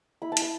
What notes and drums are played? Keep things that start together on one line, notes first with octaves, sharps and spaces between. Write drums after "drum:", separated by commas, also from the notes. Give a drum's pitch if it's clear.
E4 B5
A5
E4, drum: hi-hat
A5